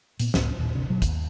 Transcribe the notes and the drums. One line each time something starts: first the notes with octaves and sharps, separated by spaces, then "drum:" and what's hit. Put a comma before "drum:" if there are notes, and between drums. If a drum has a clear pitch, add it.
A#2 B3, drum: hi-hat
F#1 C#2 A2 B3, drum: snare
G#1 D#2 A#2
D1 G1 C3 D4
F#1 F#2 B2 F#3
D#2, drum: kick, hi-hat